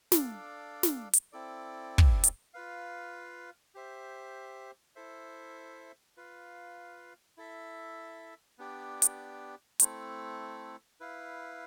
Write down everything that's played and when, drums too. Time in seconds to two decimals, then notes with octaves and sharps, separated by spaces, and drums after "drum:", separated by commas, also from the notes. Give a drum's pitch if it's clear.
0.12 D4 A4 D5 F5, drum: snare
0.83 drum: snare
1.13 drum: hi-hat
1.32 C4 E4 A4 D5
1.98 drum: kick
2.24 drum: hi-hat
2.54 F4 B4 F5
3.75 G4 C5 E5
4.96 E4 A4 C5 E5
6.17 F4 B4 F5
7.37 E4 A4 E5
8.58 B3 D4 G4 D5
9.02 drum: hi-hat
9.80 A3 C4 E4 A4, drum: hi-hat
11.00 E4 B4 F5